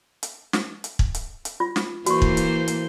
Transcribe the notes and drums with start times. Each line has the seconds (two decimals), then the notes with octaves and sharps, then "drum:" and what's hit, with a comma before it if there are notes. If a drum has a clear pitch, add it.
0.23 drum: hi-hat
0.53 drum: snare
0.84 drum: hi-hat
0.99 drum: kick
1.14 drum: hi-hat
1.45 drum: hi-hat
1.60 F4
1.76 drum: snare
2.06 E3 A#3 F#4 C5 C#6, drum: hi-hat
2.22 drum: kick
2.37 drum: hi-hat
2.68 drum: hi-hat